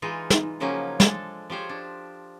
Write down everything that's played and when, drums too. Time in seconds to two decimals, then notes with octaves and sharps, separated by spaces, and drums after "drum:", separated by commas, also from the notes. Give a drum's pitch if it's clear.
0.02 E3 G#3 D#4 F4
0.30 drum: snare
0.60 C#3 F3 F#3 A#3 C#4 D#4
1.00 G#3 D4 A4, drum: snare
1.50 F3 G4 C5 C#5
1.69 D4